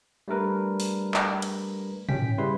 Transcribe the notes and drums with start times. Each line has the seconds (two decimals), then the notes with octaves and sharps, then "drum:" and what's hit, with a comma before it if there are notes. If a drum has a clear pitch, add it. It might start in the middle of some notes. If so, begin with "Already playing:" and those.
0.28 G3 A3 D4 A#4 B4
0.80 drum: open hi-hat
1.14 drum: clap
1.42 drum: cymbal
2.09 C#4 G5 B6, drum: tom G#2
2.38 C#3 G3 E4 B4 C6